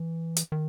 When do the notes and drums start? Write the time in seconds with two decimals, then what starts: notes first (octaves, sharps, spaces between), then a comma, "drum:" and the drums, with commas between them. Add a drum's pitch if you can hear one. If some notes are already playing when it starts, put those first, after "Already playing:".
Already playing: E3
0.37 drum: hi-hat
0.52 D#3